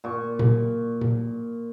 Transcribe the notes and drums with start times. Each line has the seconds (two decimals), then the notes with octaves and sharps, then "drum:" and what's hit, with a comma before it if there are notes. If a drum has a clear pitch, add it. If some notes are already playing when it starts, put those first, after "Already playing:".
0.04 A#2 C#6
0.39 drum: tom A#2
1.01 drum: tom A#2